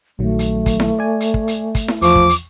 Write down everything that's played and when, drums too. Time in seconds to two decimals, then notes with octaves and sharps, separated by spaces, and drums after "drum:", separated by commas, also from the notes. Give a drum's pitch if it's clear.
0.19 A#1 D#3 F#3 A3
0.39 drum: hi-hat
0.66 drum: kick, hi-hat
0.80 drum: snare E4
0.99 D5 G#5
1.20 drum: hi-hat
1.34 drum: kick
1.48 drum: hi-hat
1.75 drum: kick, hi-hat
1.88 drum: snare E4
2.02 E2 F3 C#6 D6, drum: hi-hat
2.16 drum: kick
2.29 drum: hi-hat